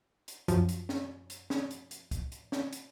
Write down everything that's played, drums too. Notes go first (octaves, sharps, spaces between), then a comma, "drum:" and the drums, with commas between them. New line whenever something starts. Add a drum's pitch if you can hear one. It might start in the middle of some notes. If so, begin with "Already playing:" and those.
drum: hi-hat
F#2 F3, drum: kick, hi-hat
drum: hi-hat
drum: snare
drum: hi-hat
drum: snare
drum: hi-hat
drum: hi-hat
drum: kick, hi-hat
drum: hi-hat
drum: snare
drum: hi-hat